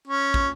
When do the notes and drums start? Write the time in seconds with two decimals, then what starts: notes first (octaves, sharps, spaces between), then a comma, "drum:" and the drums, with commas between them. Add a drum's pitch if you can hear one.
0.07 C#4
0.34 drum: kick